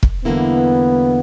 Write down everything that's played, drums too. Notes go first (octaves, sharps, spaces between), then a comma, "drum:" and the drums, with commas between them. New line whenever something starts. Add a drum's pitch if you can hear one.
drum: kick
E2 D3 G3 A#3 B3 E4